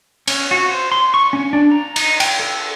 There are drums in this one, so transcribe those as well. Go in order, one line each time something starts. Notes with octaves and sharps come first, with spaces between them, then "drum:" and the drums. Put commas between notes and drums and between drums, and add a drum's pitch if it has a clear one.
C#4, drum: cymbal
F#4
C5
C6
C#6
C#4
D4
A#5
D#4, drum: cymbal
G5, drum: cymbal
A4